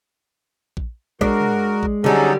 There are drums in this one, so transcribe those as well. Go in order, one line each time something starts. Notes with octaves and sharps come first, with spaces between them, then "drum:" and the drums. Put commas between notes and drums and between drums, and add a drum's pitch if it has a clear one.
drum: kick A#1
G#3 D4 F#4 A#4, drum: kick A#1
drum: tom
drum: kick A#1
D3 F#3 G3 C#4 D#4 G#4 A4